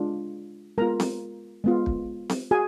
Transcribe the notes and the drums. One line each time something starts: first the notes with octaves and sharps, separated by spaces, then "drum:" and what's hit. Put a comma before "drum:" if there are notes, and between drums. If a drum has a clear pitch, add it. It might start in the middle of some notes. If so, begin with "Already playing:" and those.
Already playing: G#3 D4 F4
G#3 B3 F4 A#4 A#5
drum: snare C4
G#3 B3 F4
drum: kick
drum: snare C4
F#4 G#4 G#5